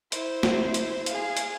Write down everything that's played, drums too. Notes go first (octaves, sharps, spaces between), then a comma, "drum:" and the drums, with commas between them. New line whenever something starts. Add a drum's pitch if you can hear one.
E4 C5, drum: hi-hat
drum: snare
drum: hi-hat
G#4 F5, drum: hi-hat
drum: hi-hat